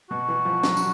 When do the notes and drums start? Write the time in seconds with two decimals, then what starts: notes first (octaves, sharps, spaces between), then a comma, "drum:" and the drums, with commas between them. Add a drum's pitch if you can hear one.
0.10 B2 F#4
0.28 E3
0.45 F3
0.63 F#3, drum: snare
0.77 drum: tambourine